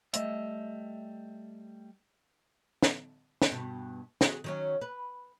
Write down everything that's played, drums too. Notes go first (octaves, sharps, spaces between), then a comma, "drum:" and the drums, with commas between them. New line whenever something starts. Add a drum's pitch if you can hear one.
G3 A3 D#5 E5, drum: hi-hat
drum: snare
drum: snare
G2 B2
F#4 G#4, drum: snare
D#3 F#3 C#4
B4